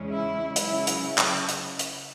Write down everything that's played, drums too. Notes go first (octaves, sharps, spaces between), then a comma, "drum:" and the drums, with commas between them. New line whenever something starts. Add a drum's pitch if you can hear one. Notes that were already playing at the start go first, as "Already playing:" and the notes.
Already playing: E2 C#3 G#3 C#4
E4
C#3 F#3 C#4 E4, drum: hi-hat
drum: hi-hat
drum: clap
drum: hi-hat
drum: hi-hat